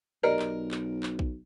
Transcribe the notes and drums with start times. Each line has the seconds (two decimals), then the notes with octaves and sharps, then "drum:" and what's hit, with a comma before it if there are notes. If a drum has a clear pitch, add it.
0.23 B1 G4 A#4 D5 D#5
0.39 drum: clap
0.71 drum: clap
1.03 drum: clap
1.19 drum: kick A#1